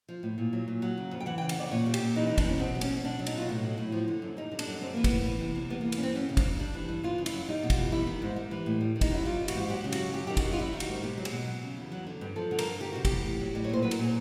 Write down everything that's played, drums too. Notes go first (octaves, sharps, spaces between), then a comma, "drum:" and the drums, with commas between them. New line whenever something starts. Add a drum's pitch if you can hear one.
F3
A2
A#2
F#3
A#2
F#3
C#3
F2
G5
E3 F#5
G5
C#3
F#5, drum: cymbal
F2 D5
A#2 C#5
G3
G4, drum: cymbal
A#2
E3 D#4
C3 D#4
D4, drum: kick, cymbal
E2 C#4
B2 C4
F#3
C#4, drum: cymbal
B2
C#4
B2 D4
F#3
D#4, drum: cymbal
B2 F4
A2 E4
F#3
A2
F3
D3
F#2
G3 D#4
D3
D4, drum: cymbal
F#2
G3 C4
E3 A#3
B3, drum: kick, cymbal
A2
E3
C3
E2
G3 B3
A#3
E3
A#3, drum: cymbal
C#4
G2 C4
F#3 C#4
C#3
D4, drum: kick, cymbal
F2
G3 D4
E3
G2
E3 F4
C#3
E4, drum: cymbal
F#2
G3 D#4
B2
F4, drum: kick, cymbal
E2
G3 E4
D#3
G#2
G3
E3
A2
G3
D#3
D#4, drum: kick, cymbal
F#2 E4
G3 F4
E3
F#4, drum: cymbal
G#2
F#3 G4
C#3
F#4, drum: cymbal
F#2
F#3 G4
D#3 G4
F#4, drum: kick, cymbal
F#2
F4
G3 E4
D#3 F4
F#4, drum: cymbal
G#2
B2 G4
F#3
G#4, drum: cymbal
B2
F#3
C#3
E2
F#3
D3
G2
F3 A4
D3
A#4, drum: cymbal
G2
D#3 G4
C3 F#4
G4, drum: kick, cymbal
E2
A2
F#3
A2 D5
C#5
A#2 C5
F#3 B4
A#4, drum: cymbal
A#2 G#4